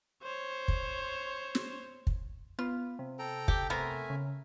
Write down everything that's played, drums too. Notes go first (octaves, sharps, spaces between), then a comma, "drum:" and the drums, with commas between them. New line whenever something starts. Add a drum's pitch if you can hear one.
C5 C#5
drum: kick
drum: snare
drum: kick
B3 F4
C3
A4 G5 A#5
G4, drum: kick
A3 B3 C4 A#4 E5 G#5
C#3